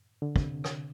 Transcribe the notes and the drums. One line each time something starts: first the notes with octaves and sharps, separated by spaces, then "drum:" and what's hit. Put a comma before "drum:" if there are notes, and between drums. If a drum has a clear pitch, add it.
D3
C3, drum: kick
drum: rim click